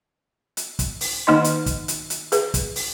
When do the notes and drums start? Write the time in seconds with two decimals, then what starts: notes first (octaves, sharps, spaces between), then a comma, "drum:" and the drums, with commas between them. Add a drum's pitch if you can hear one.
0.57 drum: hi-hat
0.79 drum: kick, hi-hat
1.01 drum: open hi-hat
1.27 D#3 A#3 D#4 D#5 C6
1.44 drum: hi-hat
1.66 drum: kick, hi-hat
1.88 drum: hi-hat
2.10 drum: hi-hat
2.32 G#4 B4, drum: hi-hat
2.54 drum: kick, hi-hat
2.76 drum: open hi-hat